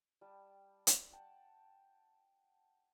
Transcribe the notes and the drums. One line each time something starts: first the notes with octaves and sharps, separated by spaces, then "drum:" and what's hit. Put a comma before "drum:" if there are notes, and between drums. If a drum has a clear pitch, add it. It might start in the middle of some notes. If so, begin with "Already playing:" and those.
G3 G5 A5
drum: hi-hat
F#5 G5 A5